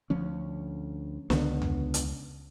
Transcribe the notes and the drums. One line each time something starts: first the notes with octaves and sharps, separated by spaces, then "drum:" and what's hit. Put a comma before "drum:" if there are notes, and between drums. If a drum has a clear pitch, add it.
D2 F3 C#4
C#2 D3 B3, drum: snare
drum: tom E2
drum: hi-hat